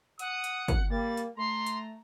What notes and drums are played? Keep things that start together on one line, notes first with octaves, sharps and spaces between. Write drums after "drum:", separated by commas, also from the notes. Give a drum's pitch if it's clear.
F#5 D#6, drum: hi-hat
drum: hi-hat
drum: kick, hi-hat
G3 A#3 A6
drum: hi-hat
A3 A#5 C6
drum: hi-hat